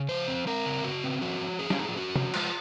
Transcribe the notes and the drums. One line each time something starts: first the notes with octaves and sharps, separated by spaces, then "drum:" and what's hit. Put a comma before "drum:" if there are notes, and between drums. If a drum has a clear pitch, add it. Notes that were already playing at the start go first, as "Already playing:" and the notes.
Already playing: C#3
F3 C5
C4
C4 A#4
C#3
C#3 F#4
C4
F3 F#4
F3
C#4 G#4
C#4, drum: snare
F3 D#4
F4
C#4 F#4
F3, drum: tom
G#3 F4, drum: cymbal